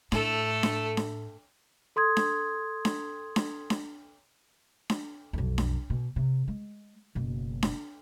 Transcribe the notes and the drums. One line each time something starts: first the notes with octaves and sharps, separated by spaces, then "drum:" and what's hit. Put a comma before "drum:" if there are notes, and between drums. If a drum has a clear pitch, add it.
A2 A3 A4, drum: snare D4
drum: snare D4
drum: snare D4
A4 C6 D#6 G#6
drum: snare D4
drum: snare D4
drum: snare D4
drum: snare D4
drum: snare D4
B1 F2
drum: snare D4
B2
C3
G#3
F#1 B2
drum: snare D4